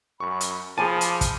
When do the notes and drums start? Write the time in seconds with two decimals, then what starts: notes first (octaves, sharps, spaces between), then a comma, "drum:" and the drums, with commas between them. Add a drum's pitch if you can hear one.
0.20 F#2 B5 C#6
0.41 drum: hi-hat
0.78 F3 G#4 G#5 A5 B5 D6 D#7
1.01 drum: hi-hat
1.21 drum: kick, hi-hat